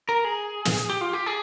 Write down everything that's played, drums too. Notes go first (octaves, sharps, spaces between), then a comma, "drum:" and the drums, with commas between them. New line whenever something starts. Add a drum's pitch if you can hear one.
A#4
G#4
drum: snare
G4
F4
G4
G#4